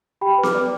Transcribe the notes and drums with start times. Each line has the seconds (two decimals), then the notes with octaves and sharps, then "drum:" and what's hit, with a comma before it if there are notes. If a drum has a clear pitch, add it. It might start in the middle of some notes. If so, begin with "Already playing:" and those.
0.21 G4 G5 B5
0.38 B4
0.43 D6 F6, drum: snare B3
0.55 D5